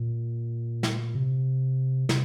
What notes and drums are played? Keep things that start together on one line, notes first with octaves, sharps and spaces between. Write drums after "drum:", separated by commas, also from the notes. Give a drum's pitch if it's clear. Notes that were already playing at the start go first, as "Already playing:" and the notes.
Already playing: A#2
drum: snare
C3
C3, drum: snare